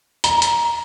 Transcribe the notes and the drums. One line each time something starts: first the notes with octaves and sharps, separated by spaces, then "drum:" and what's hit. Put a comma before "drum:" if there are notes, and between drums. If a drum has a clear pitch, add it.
A#5, drum: hi-hat
drum: hi-hat